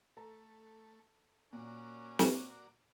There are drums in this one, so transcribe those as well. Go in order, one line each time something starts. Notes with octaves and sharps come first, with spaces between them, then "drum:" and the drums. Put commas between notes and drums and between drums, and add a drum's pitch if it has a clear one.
A3 A4 A5 A#5
A#2 A#3 C#4 F#4 D5
drum: snare